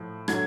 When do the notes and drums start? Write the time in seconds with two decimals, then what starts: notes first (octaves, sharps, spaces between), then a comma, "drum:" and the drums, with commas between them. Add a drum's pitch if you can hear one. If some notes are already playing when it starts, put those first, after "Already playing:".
Already playing: A2 F3
0.28 D3 F#3 A3 G#6, drum: rim click